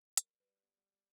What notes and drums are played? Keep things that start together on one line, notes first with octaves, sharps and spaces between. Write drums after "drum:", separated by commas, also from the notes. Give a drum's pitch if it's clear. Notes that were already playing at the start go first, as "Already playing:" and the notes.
G3 A#4, drum: hi-hat
G3
B4
G3
B3
G3
G3